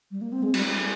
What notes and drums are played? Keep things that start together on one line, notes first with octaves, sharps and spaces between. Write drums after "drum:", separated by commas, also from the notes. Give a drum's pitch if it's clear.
G3
A#3
C4
G#3
G3, drum: cymbal
G3